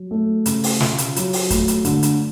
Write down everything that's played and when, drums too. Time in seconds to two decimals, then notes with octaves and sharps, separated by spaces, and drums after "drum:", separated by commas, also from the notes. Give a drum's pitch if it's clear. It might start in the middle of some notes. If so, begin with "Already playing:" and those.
Already playing: F#3
0.11 A3
0.46 C#3, drum: hi-hat
0.64 drum: open hi-hat
0.80 F4, drum: snare
0.98 drum: hi-hat
1.16 F#3, drum: hi-hat
1.33 drum: open hi-hat
1.50 A3, drum: kick, hi-hat
1.68 drum: hi-hat
1.85 D3, drum: hi-hat
2.03 drum: hi-hat